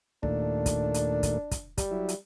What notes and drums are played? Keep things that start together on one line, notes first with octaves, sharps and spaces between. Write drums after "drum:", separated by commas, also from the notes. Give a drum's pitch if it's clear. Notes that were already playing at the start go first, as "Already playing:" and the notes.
D#2 A#2 A3 D4, drum: kick
drum: kick, hi-hat
drum: hi-hat
drum: kick, hi-hat
drum: kick, hi-hat
G3, drum: kick, hi-hat
F#3 E4
drum: hi-hat